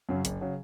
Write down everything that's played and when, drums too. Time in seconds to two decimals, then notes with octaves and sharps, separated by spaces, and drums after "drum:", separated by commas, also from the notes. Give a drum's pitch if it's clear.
0.09 F#2 C#3 F#3
0.25 F#1, drum: hi-hat
0.41 C#3 F#3